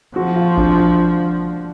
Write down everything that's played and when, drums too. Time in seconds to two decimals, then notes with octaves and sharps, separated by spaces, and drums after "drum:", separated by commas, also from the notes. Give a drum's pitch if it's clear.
0.16 F3 F#4
0.36 F4
0.57 D4, drum: kick G#1